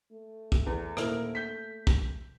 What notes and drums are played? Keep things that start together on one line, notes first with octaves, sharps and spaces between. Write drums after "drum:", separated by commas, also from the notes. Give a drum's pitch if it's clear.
A3
drum: kick
E2
D#1 E4 A#4, drum: rim click
G6 B6
drum: kick